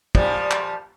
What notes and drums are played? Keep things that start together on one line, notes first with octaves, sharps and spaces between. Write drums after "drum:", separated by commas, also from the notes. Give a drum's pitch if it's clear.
A#2 F3 G3, drum: kick
drum: clap